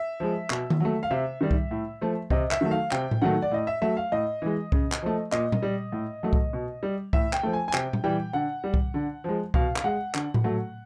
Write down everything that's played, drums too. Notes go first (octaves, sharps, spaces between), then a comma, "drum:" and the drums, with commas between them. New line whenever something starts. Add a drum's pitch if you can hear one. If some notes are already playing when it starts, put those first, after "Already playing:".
Already playing: E5
F3 G#3
B2, drum: clap
drum: tom D#3
F#3 A3
F5
C3 E5
D#3 G3
drum: kick C2
A2
F3 A3
C3 D#5, drum: kick C2
E5, drum: clap
D#3 F#3 A3
F5
C3 G5, drum: clap
drum: tom A2
D#3 F#3 A3 F#5
D5
A2 D#5
E5
F#3 A3 E5
F5
A2 D#5
E3 G#3
C#3, drum: kick C2
drum: clap
F3 A3
A#2 D#5, drum: clap
drum: tom A#2
G3
A2
F#3 A3
drum: kick C2
B2
G3
A2 E5, drum: kick C2
G5, drum: clap
F3 A3
G#5
G#5
C3 G5, drum: clap
drum: tom A#2
E3 G3 G5
D3 F#5
G3
drum: kick C2
D3
F3 G#3
B2 F5, drum: kick C2
F5, drum: clap
G#3 F#5
D3, drum: clap
drum: tom A2
F#3 A3